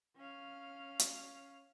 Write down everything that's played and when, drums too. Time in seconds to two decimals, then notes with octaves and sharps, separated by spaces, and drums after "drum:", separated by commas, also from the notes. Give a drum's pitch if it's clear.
0.16 C#4 F5
0.99 drum: hi-hat